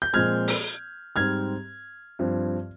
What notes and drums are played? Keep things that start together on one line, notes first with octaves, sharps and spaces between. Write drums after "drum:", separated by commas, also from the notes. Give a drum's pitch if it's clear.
G6
A#2 F3 G#3 C4 F6 G#6
drum: open hi-hat
G#2 G3 C4 F6 G#6
G2 F3 C4